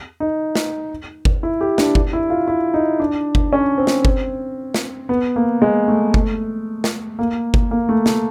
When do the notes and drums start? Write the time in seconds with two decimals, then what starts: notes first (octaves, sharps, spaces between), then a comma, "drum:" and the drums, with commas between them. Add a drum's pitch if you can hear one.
0.20 D#4
0.55 drum: snare
1.25 drum: kick G1
1.43 E4
1.61 G4
1.78 D4, drum: snare
1.95 D4, drum: kick G1
2.13 E4
2.30 F4
2.48 E4
2.74 D#4
3.00 D4
3.35 drum: kick G1
3.53 C#4
3.78 C4
3.87 drum: snare
4.05 drum: kick G1
4.74 drum: snare
5.09 B3
5.36 A#3
5.62 G#3
5.88 A3
6.14 drum: kick G1
6.84 drum: snare
7.19 A#3
7.54 drum: kick G1
7.71 A#3
7.89 A3
8.06 A3, drum: snare